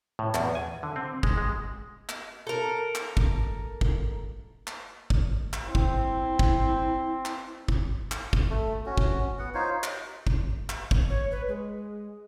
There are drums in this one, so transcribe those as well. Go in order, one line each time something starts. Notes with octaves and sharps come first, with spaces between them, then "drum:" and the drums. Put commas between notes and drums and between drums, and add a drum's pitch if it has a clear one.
A2
E2, drum: clap
G#5
D3
C4
G#3, drum: kick
G#3
drum: clap
A4 A#4
drum: clap
drum: kick
drum: kick
drum: clap
drum: kick
drum: clap
C4 E4
drum: kick
drum: kick
drum: clap
drum: kick
drum: clap
drum: kick
A3
C#4 F#4
drum: kick
B3 F#5
D#4 F4 C5 C#5
drum: clap
drum: kick
drum: clap
drum: kick
C#5
B4
G#3